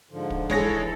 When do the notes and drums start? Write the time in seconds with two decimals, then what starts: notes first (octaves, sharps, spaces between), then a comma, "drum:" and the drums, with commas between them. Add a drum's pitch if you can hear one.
0.11 G#2 D3 F3
0.30 drum: kick
0.50 E3 G#3 G#4 A4 B4 C#5 A#6, drum: kick
0.69 drum: kick